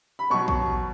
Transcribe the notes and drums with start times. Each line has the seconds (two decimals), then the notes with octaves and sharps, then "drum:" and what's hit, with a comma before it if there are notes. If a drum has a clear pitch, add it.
0.19 B5
0.30 B2 F#3 C#6
0.48 drum: kick A1